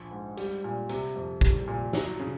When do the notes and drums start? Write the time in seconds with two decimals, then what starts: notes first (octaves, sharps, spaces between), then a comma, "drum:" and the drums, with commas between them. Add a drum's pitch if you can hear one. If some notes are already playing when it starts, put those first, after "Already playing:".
Already playing: A#1 F3
0.11 G#2
0.37 G3, drum: hi-hat
0.64 A#2
0.89 C3, drum: hi-hat
1.16 F2
1.41 G3, drum: kick, hi-hat
1.68 A#2
1.93 F#3, drum: snare
2.20 C#3